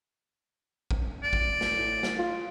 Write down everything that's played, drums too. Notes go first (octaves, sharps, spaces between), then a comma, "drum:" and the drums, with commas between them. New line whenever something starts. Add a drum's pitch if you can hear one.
drum: kick A1
D5
drum: kick A1
drum: snare
A2
drum: snare
F4